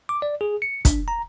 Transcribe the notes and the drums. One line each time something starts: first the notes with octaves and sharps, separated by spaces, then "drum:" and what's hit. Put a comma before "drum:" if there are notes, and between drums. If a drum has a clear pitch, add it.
D6
D5
G#4
C#7
D4, drum: kick, hi-hat
A#5